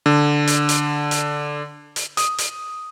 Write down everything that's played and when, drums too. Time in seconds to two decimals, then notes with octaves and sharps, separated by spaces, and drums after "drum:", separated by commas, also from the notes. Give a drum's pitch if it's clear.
0.06 D3
0.47 drum: hi-hat
0.69 drum: hi-hat
1.11 drum: hi-hat
1.96 drum: hi-hat
2.17 D#6, drum: hi-hat
2.38 drum: hi-hat